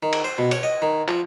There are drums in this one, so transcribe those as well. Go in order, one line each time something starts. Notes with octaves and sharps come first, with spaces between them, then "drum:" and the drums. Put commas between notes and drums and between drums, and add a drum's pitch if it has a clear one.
D#3
drum: cymbal
C5
B2
C#5, drum: cymbal
D#5
D#3
F3, drum: clap